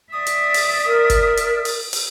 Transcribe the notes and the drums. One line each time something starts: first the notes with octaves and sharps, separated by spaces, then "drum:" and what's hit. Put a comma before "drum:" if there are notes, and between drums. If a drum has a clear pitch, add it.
D5 E5 D#6
drum: hi-hat
drum: open hi-hat
A#4
drum: kick G1, hi-hat
drum: hi-hat
drum: open hi-hat
drum: open hi-hat